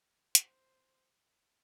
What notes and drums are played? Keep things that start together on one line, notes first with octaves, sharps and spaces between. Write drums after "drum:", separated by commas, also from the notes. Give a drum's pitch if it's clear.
C5, drum: hi-hat